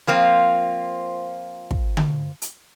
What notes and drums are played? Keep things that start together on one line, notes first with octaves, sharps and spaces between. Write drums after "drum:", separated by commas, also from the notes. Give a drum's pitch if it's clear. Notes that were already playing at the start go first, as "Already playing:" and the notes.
F3 A#3 C4 F4
drum: kick
drum: tom D3
drum: hi-hat